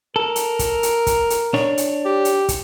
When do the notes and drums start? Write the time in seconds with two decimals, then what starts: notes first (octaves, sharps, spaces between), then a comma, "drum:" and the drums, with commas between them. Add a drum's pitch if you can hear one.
0.16 A4 A#4
0.36 drum: hi-hat
0.59 drum: kick, hi-hat
0.83 drum: hi-hat
1.07 drum: kick, hi-hat
1.30 drum: hi-hat
1.54 D4 C#5, drum: snare
1.78 drum: hi-hat
2.05 G4
2.25 drum: hi-hat
2.49 drum: kick, hi-hat